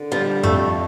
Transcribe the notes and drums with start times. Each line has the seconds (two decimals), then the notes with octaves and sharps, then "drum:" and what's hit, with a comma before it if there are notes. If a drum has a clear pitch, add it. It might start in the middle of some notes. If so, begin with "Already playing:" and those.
Already playing: D3
0.12 F3 G3
0.43 F2 A3, drum: tom F2